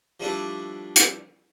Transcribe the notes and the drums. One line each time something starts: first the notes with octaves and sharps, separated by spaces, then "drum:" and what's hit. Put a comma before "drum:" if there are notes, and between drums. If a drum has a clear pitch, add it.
F3 G3 A3 D4 E4 B4
drum: hi-hat